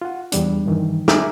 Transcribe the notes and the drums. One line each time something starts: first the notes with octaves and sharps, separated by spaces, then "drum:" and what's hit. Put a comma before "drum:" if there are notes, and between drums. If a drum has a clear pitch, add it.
F4 F#5
E2 G3 D4, drum: hi-hat
G2 D#3 E3
E5 G#5 A#5 D6 F6, drum: snare